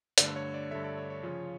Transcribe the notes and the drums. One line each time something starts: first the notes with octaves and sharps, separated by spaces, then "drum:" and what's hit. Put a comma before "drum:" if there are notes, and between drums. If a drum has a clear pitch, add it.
G2 D3 A3 D5, drum: hi-hat
C#5
D5
G2 D3 A3 E5
D5
C#5
C#5
C#3 F3 C#4 F4